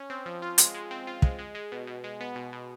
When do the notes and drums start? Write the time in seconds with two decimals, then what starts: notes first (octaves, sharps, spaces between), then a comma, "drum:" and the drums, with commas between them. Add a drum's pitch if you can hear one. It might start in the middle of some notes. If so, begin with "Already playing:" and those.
Already playing: C#4
0.10 C4
0.26 F3
0.42 F4
0.58 G#3, drum: hi-hat
0.75 G#3
0.91 C4
1.07 F4
1.22 G#3, drum: kick
1.39 G#3
1.55 G#3
1.72 B2
1.87 B2
2.04 G#3
2.20 B3
2.36 B2
2.53 B2